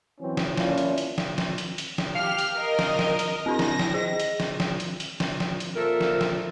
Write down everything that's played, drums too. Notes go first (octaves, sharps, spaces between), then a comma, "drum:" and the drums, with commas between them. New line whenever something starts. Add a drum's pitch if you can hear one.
E3 F#3 C4 C#4
drum: snare
A#3 C#4 D4 E4 F4, drum: snare
drum: hi-hat
drum: hi-hat
drum: snare
drum: snare
drum: hi-hat
drum: hi-hat
drum: snare
G4 F5 F6 C7
drum: hi-hat
A#4 D#5
drum: snare
drum: snare
drum: hi-hat
C4 D4 E4 A#6
drum: snare
drum: snare
G#4 D#5
drum: hi-hat
drum: snare
drum: snare
drum: hi-hat
drum: hi-hat
drum: snare
drum: snare
drum: hi-hat
A#2 F3 A4 A#4 E5
drum: snare
drum: snare